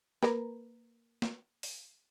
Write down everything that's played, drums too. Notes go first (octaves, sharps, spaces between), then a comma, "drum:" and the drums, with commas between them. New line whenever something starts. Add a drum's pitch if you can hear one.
A#3 A#4 B4, drum: snare
drum: snare
drum: open hi-hat